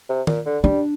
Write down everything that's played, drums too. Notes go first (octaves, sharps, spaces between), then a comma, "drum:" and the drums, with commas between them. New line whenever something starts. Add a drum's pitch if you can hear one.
C3
A#2, drum: tom
D3
G3 D4